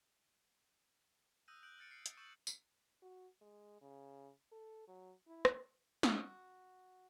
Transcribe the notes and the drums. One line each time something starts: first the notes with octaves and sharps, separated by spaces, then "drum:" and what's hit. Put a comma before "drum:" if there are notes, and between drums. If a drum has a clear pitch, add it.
D#6 E6 F#6 G6 A#6 D#7
F#6 G6 D7 F#7
F6 F#6 A6 C#7 D7
F6 C7 C#7
G6, drum: hi-hat
C#6 E6 G6 A6 E7 F#7
drum: tambourine
F#4
G#3
C#3
A4
F#3
E4
drum: rim click
F#4, drum: snare